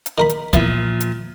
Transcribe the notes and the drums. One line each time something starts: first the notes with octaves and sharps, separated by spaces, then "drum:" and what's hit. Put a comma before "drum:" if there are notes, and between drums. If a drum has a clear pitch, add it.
drum: hi-hat
D#3 A#4 B5
drum: hi-hat
A#2 E3 F3 B3, drum: kick, hi-hat
drum: hi-hat